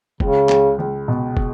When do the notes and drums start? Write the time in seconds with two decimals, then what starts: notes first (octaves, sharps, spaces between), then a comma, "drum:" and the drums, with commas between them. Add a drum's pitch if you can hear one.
0.20 C#2 C#3, drum: kick
0.49 C#2, drum: clap
0.79 C#2
1.08 B2
1.37 drum: kick